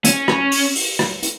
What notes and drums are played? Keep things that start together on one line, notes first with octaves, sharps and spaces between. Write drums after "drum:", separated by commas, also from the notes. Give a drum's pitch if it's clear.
C#4, drum: hi-hat
drum: rim click
drum: open hi-hat
drum: open hi-hat
drum: rim click
drum: hi-hat